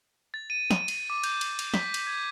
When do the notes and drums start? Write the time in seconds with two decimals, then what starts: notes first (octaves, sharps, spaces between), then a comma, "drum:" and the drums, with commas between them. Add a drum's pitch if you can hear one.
0.34 A6
0.50 D#7
0.71 drum: snare
0.88 drum: cymbal
1.10 D6
1.24 G6, drum: cymbal
1.41 drum: cymbal
1.59 drum: cymbal
1.74 B6, drum: snare
1.94 drum: cymbal
2.07 G#6